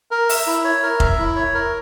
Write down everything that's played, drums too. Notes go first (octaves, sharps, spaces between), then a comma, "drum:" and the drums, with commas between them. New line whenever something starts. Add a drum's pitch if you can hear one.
A#4
E5, drum: open hi-hat
E4
C#5
A#4
E5, drum: kick F1
E4
C#5
A#4